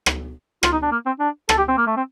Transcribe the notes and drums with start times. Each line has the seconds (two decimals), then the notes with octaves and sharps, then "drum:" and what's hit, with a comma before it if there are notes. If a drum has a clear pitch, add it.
0.06 drum: rim click
0.63 F4, drum: rim click
0.72 D#4
0.82 D4
0.92 A#3
1.06 C4
1.20 D4
1.49 A4, drum: rim click
1.58 G4
1.68 C4
1.78 A#3
1.87 A3
1.97 C4